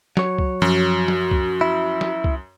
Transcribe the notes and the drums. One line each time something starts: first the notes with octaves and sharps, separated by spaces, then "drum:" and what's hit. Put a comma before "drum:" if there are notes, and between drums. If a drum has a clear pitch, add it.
F#3 C#5, drum: snare
drum: kick C2
F#2 F3 F#4
drum: snare
drum: kick C2
E4
drum: snare
drum: kick C2